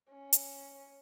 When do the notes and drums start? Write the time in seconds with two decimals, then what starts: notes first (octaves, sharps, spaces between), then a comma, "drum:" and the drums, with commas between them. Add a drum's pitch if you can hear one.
0.12 C#4
0.33 drum: hi-hat